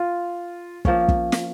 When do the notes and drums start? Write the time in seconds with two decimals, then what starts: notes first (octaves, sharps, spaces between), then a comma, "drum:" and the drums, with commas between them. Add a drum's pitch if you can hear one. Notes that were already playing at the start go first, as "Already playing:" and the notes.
Already playing: F4
0.85 F3 A#3 C#4, drum: kick
1.09 drum: kick
1.32 drum: snare